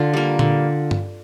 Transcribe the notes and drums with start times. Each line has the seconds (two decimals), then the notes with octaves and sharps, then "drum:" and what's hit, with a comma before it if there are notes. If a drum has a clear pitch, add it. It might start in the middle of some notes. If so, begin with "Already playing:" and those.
Already playing: D3 F4
0.13 G3 A#3
0.39 D3, drum: tom A#2
0.91 drum: tom G2